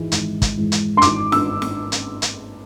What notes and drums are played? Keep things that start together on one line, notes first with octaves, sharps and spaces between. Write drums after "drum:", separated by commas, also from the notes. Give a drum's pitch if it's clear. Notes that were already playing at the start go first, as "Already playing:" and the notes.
Already playing: G#1 G#2 E3 G#3
G#1, drum: hi-hat
drum: kick, hi-hat
G#2 E3 G#3
drum: hi-hat
C6
G#1 D6, drum: hi-hat
E6, drum: snare
drum: snare
drum: hi-hat
drum: hi-hat